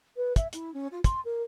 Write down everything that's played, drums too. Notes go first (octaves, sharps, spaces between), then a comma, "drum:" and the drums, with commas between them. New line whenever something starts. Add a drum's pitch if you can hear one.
B4
E5, drum: kick, hi-hat
E4, drum: hi-hat
C#4
F4
C6, drum: kick, hi-hat
A#4